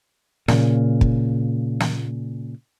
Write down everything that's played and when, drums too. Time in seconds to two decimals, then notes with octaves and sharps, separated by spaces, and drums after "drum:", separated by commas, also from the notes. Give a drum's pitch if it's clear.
0.48 A#2 C#3, drum: snare
1.01 drum: kick
1.80 drum: snare